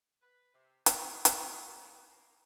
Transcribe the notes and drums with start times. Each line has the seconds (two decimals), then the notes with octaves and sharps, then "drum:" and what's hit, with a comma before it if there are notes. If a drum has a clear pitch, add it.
0.22 B4
0.54 C3
0.86 C5, drum: hi-hat
1.25 F4, drum: hi-hat
1.63 B3
2.08 A#3